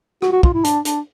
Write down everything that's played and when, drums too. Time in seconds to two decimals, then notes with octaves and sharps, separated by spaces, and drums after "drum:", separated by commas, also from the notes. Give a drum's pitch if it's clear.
0.22 F#4, drum: rim click
0.32 F#4
0.43 F4, drum: kick
0.54 E4
0.64 D4, drum: hi-hat
0.85 D4, drum: hi-hat